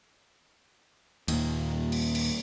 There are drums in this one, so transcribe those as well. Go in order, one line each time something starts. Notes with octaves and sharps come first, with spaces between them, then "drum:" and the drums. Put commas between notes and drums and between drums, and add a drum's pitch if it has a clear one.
D#2 A#2, drum: cymbal
drum: cymbal
drum: cymbal